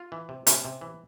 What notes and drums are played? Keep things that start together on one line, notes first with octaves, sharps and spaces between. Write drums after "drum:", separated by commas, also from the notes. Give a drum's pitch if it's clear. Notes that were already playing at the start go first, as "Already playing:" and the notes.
Already playing: F4
E3
C3
C3 C#4, drum: hi-hat
C3
E3